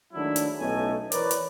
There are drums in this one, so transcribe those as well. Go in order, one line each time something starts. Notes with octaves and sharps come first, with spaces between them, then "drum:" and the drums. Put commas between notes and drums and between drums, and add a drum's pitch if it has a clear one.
D#3 F#3 G#3 A3 D4 E4
drum: hi-hat
B1 A2 A3 C#4 D#4 G#5
E3 A#4 B4 C#5 D5, drum: hi-hat
drum: hi-hat